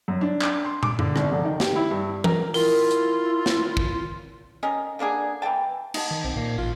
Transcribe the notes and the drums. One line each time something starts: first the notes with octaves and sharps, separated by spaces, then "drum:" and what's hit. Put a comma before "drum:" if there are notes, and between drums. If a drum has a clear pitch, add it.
F#2
D4
drum: clap
C6
D6, drum: tom
D3, drum: tom F#2
G#1, drum: rim click
F1
D#3
G4, drum: snare
E4
G2
A#4, drum: tom E3
E4 F4 A#4, drum: open hi-hat
drum: hi-hat
drum: snare
drum: kick
D#3 C#4 A#4 D#5
D3 A#3 D4 G#4
E3 A#3 G5 A5
D#4 A5, drum: cymbal
D#3
B1 C4
A#2 A#3
A1 F4